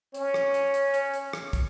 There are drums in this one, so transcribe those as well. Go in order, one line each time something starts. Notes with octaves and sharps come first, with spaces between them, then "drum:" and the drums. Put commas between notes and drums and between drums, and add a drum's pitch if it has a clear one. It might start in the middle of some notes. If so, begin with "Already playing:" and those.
C#4 C#5, drum: hi-hat
drum: rim click
drum: hi-hat
drum: hi-hat
drum: hi-hat
drum: hi-hat
drum: rim click
drum: kick, hi-hat